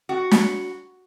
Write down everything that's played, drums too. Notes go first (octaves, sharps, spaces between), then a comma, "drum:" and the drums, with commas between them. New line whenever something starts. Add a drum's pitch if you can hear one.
F#4
drum: snare